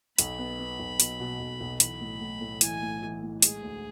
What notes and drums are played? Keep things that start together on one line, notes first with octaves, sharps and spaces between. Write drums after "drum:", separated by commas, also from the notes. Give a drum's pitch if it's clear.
B1 B5, drum: hi-hat
B3
B3
B1
B2, drum: hi-hat
B2
B1
B1
E3 B5, drum: hi-hat
A2
A2
A2
E3 G#5, drum: hi-hat
A2
E3
A2
G#3 G#4, drum: hi-hat
D2